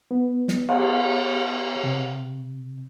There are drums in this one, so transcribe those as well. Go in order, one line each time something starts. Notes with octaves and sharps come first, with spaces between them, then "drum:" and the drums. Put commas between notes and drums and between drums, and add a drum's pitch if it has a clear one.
B3
drum: snare
drum: cymbal
C3